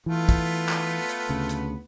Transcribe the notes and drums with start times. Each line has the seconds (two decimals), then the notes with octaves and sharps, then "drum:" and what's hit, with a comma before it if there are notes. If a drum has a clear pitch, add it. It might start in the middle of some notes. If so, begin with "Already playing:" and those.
0.06 E3 A3 B3 F4
0.29 drum: kick, hi-hat
0.69 drum: clap
1.09 drum: hi-hat
1.29 D2 C#3
1.49 drum: hi-hat